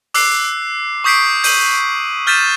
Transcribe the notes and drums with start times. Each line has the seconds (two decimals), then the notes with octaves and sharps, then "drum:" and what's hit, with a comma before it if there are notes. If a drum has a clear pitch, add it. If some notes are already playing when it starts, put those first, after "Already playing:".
0.14 D6 E6 F#6 C7, drum: open hi-hat
1.04 C#6 D#6 G6 B6 C7 D7
1.44 G6 D#7 F#7, drum: open hi-hat
2.27 F6 G6 A6 B6 D#7 E7